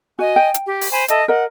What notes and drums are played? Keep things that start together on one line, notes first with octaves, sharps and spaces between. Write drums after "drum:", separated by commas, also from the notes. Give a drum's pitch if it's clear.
F#4 D#5 G#5
G5
drum: hi-hat
G4
drum: open hi-hat
C5 G#5 B5
A4 D#5 E5, drum: hi-hat
A#4 D#5 F#5